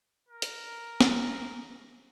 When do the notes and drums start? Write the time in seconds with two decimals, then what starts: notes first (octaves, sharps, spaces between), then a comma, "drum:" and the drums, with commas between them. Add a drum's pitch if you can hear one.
0.28 A#4
0.42 drum: hi-hat
1.01 drum: snare